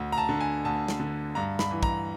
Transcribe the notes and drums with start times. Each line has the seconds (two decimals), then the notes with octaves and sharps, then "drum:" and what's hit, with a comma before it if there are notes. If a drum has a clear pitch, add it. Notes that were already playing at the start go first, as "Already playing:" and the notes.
Already playing: D2
0.12 A#5
0.18 A5
0.29 D3
0.40 G#5
0.65 D2 A5
0.88 drum: snare
1.00 D3
1.35 G2 A#5
1.59 B5, drum: snare
1.71 E3
1.83 A#5, drum: kick